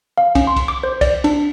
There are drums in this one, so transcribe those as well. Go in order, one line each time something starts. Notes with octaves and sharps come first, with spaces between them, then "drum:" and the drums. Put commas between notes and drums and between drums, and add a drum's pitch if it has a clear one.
F5
C#4, drum: kick, cymbal
C6
drum: kick, cymbal
D6
C5
D5, drum: kick, cymbal
D4, drum: cymbal